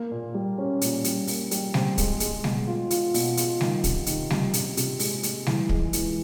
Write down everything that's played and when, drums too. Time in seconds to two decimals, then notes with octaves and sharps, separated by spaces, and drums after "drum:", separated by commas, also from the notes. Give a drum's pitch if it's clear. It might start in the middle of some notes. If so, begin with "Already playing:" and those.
Already playing: A#3
0.11 A#2
0.34 G3
0.58 C#4
0.81 A#2, drum: hi-hat
1.04 G3, drum: hi-hat
1.27 A#3, drum: open hi-hat
1.51 G3, drum: hi-hat
1.74 C4, drum: snare
1.98 G#3, drum: kick, hi-hat
2.20 G#3, drum: hi-hat
2.44 B2, drum: snare
2.67 F4
2.91 F4, drum: hi-hat
3.14 B2, drum: open hi-hat
3.37 F4, drum: hi-hat
3.61 D#3, drum: snare
3.84 C3, drum: kick, hi-hat
4.06 D#3, drum: hi-hat
4.30 C3, drum: snare
4.53 C3, drum: hi-hat
4.77 C3, drum: hi-hat
4.99 G#3, drum: open hi-hat
5.23 G#3, drum: hi-hat
5.46 E3, drum: snare
5.69 G#3, drum: kick
5.93 E3, drum: hi-hat